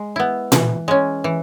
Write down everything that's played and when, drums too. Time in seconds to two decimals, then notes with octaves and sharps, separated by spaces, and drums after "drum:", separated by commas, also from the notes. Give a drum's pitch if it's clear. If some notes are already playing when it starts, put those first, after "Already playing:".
Already playing: G#3
0.16 B3 E4
0.52 E3, drum: tom A#2
0.88 G#3 C#4
1.24 E3